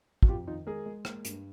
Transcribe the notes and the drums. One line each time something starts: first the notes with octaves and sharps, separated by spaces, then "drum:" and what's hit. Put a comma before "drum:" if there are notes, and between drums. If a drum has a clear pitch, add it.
F#4, drum: kick
F2 F4 G4
D#3 D#4 F4
G#3 G#4 A#4
G#3
A#3, drum: rim click
G2, drum: hi-hat